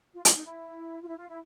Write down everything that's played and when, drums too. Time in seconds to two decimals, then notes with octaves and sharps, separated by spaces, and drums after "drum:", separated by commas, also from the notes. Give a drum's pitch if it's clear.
0.14 F4
0.25 F4, drum: hi-hat
0.34 D#4
0.45 E4
1.02 F4
1.07 E4
1.17 F4
1.28 E4